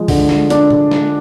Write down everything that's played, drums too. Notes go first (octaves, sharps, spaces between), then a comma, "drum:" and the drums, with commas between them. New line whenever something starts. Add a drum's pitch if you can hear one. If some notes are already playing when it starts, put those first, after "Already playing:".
Already playing: F3 G#3
D3, drum: kick C2, open hi-hat
drum: snare
D4, drum: hi-hat
drum: tom A2
drum: snare